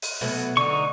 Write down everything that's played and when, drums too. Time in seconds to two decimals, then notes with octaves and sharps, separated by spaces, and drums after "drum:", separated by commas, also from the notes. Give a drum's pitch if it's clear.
0.02 drum: open hi-hat
0.21 B2 F#3 A3
0.57 D3 D#4 C#6